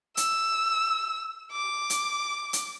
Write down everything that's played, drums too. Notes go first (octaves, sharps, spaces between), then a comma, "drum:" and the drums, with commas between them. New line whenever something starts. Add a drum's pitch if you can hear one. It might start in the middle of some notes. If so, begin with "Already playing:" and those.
E6, drum: hi-hat
D6
drum: hi-hat
drum: hi-hat